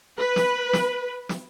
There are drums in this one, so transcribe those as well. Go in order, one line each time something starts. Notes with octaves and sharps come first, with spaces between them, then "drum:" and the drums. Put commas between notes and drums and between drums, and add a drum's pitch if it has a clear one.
B4
drum: snare
drum: snare
drum: snare